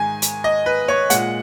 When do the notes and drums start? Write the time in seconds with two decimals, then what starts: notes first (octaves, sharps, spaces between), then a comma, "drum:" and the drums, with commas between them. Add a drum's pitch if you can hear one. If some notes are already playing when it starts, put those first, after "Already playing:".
Already playing: G#2 D#3 G#3 G#5
0.22 drum: hi-hat
0.44 D#5
0.66 B4
0.88 C#5
1.10 A#2 G#3 F#5, drum: hi-hat